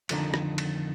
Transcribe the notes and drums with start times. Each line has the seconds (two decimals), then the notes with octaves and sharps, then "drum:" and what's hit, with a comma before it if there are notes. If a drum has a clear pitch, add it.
0.09 F2 D3 D#3, drum: cymbal
0.34 drum: rim click
0.58 drum: cymbal